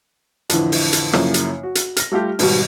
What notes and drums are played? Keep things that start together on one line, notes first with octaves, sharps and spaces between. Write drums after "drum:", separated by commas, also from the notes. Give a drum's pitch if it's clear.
F2 A2 D3 E3, drum: hi-hat
drum: open hi-hat
drum: hi-hat
F#2 C#3 F3 A#3 E4, drum: rim click
drum: hi-hat
F#4
drum: hi-hat
F6 A#6, drum: hi-hat
G3 A3 F4 G4
G#2 B2 D#3 F#3 G3, drum: open hi-hat